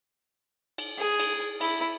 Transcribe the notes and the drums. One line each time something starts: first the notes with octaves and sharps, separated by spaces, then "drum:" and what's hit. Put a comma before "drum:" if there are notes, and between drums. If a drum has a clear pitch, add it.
drum: cymbal
G#4
drum: cymbal
E4, drum: cymbal